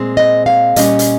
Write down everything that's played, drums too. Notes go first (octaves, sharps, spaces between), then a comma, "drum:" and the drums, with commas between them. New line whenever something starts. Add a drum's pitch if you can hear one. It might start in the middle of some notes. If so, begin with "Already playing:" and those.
Already playing: A#2 G#3 C4
D#5
F5
A#2 G3 C#4 D#5, drum: hi-hat
drum: hi-hat